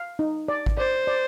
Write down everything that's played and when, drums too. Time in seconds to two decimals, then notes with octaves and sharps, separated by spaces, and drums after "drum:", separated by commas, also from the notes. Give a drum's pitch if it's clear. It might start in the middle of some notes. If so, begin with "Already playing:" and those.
Already playing: F5
0.19 D#4
0.48 D5
0.66 drum: kick G#1
0.78 C5 D5
1.07 D5